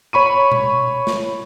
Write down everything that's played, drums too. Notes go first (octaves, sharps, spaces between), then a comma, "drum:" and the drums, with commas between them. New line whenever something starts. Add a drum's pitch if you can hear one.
C#5 B5 C#6 D#7
drum: tom B2
drum: snare